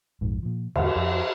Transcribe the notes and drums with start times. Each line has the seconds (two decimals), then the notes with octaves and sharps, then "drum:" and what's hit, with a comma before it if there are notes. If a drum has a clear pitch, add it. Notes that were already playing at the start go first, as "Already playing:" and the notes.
0.21 A#1 F2 G#2
0.43 A#2 F3
0.75 E2 G#2 D3, drum: cymbal
0.96 F2